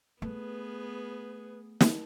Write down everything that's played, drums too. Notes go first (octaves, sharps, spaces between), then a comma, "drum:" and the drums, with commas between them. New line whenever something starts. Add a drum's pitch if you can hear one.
A3 B3 G#4 B4
drum: snare